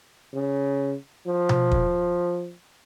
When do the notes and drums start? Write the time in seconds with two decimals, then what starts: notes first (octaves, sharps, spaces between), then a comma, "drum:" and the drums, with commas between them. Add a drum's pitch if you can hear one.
0.34 C#3
1.27 F3
1.49 drum: tom B2
1.71 drum: kick